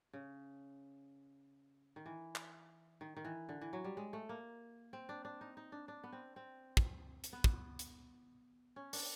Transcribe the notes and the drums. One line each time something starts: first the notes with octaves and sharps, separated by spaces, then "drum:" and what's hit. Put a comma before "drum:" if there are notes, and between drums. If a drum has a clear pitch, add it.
C#3
D#3
E3
drum: clap
D#3
D#3
E3
D3
E3
F#3
G3
G#3
A3
A#3
C4
D4
D4
D#4
D#4
D4
D4
B3
C4
C4
drum: kick
drum: hi-hat
B3
drum: kick
drum: hi-hat
C#4
D4, drum: open hi-hat